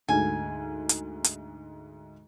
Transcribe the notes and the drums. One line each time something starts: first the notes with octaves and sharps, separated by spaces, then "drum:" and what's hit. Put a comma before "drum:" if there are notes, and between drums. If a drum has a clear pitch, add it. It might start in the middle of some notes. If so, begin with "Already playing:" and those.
D2 G#2 G#5
drum: hi-hat
drum: hi-hat